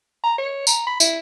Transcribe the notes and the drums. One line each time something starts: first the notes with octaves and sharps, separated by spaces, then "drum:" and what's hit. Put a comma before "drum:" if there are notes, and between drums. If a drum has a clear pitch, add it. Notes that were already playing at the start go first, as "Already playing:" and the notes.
A#5
C#5
A#5, drum: tambourine
B5
E4, drum: tambourine